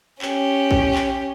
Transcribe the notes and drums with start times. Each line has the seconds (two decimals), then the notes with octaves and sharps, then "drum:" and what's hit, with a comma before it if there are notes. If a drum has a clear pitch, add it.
0.22 C#4 G4, drum: clap
0.71 drum: kick
0.95 drum: clap